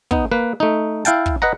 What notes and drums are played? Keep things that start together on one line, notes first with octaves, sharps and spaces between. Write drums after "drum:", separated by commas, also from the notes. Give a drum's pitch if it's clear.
B3 D#4, drum: kick
A#3 B4
A3 D#4
E4 F5 G5 A5, drum: hi-hat
drum: kick
B4 D#5 F#5 A#5